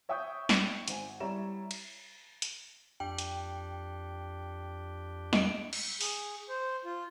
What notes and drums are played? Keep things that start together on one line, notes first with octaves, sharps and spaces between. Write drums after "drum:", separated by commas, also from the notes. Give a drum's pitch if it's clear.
C#5 E5 G5 C#6 D#6 G6
drum: snare
G#1 C5 G#5, drum: hi-hat
G3 E4 C#5 A#5 E7
drum: cymbal
drum: hi-hat
F2 D4 G4 G5
drum: hi-hat
D#5 D7, drum: snare
drum: cymbal
G#4, drum: open hi-hat
C5
F4